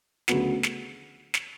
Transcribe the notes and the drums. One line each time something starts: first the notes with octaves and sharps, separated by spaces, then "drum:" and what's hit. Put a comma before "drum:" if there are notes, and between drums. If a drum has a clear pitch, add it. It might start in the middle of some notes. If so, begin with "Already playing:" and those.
D2 C#3 F#3 B3 F#4, drum: snare
drum: snare
drum: snare